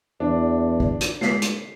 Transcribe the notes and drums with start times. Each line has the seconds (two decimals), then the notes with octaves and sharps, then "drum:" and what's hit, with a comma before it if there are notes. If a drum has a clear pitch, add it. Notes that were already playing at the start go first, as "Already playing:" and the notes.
0.20 E2 D4
0.80 drum: kick
1.01 drum: hi-hat
1.21 G#3 B6 C7, drum: snare
1.42 drum: hi-hat